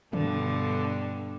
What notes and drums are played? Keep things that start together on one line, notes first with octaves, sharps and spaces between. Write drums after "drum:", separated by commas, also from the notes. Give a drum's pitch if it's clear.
G2 B2 D3, drum: tom D3